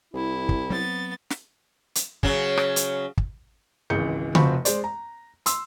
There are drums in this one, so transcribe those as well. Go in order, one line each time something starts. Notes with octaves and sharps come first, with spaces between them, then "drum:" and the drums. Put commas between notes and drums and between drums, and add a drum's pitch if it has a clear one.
C2 E4
drum: kick
F#3 B3 C4 A6
drum: snare
drum: hi-hat
C#3 F#3, drum: kick
drum: rim click
drum: hi-hat
drum: kick
G#1 C#2 E3 G#4 G6 C#7
F1 F3 C4 F#4 B5 C#6, drum: tom C#3
G#3 C5 D5, drum: hi-hat
A#5
C6 E6, drum: hi-hat